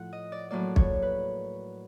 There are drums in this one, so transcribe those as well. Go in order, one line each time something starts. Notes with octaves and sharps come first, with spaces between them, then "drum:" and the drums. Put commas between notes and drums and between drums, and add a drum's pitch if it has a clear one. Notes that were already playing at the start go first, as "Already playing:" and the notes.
Already playing: A2 F3 F#5
D#5
D5
A2 F#3 A#3 D5
C#5, drum: kick
B4